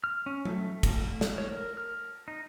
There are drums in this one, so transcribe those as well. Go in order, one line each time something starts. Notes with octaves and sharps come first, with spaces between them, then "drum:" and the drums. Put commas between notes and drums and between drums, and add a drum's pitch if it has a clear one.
F6
C#4
A3, drum: tom F#3
drum: kick, cymbal
drum: snare
C#5
A#4
F6
D#4